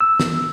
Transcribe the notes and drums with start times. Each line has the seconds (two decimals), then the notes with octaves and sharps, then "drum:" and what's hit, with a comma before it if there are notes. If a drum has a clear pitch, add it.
0.01 E6
0.20 drum: snare